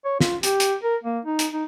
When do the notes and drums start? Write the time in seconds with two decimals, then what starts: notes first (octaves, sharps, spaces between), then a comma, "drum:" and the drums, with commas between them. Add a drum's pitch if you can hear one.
0.05 C#5
0.20 F4, drum: snare
0.43 G4, drum: hi-hat
0.60 drum: hi-hat
0.83 A#4
1.04 A#3
1.25 D#4
1.39 drum: hi-hat
1.53 D#4